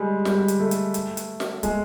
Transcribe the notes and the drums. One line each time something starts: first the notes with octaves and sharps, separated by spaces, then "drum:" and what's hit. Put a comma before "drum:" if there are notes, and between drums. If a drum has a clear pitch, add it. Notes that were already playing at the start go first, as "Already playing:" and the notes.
Already playing: G3 G#3
G3, drum: snare
drum: hi-hat
A3
drum: hi-hat
drum: hi-hat
drum: hi-hat
drum: snare
G#3, drum: kick, hi-hat